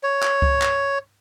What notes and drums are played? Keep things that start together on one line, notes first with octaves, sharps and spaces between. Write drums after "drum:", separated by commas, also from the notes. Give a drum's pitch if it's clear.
C#5
drum: clap
drum: kick C#2
drum: clap